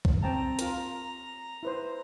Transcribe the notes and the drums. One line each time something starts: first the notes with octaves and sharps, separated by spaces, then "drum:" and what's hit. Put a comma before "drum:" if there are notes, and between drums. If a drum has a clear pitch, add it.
drum: kick
C4 G5 A5 A#5
F4 A#4, drum: hi-hat
E4 B4 C5